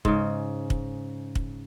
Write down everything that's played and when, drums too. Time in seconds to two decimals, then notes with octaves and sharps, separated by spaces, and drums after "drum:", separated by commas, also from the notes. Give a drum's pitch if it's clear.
0.05 G#2 C#3, drum: kick
0.70 drum: kick
1.35 drum: kick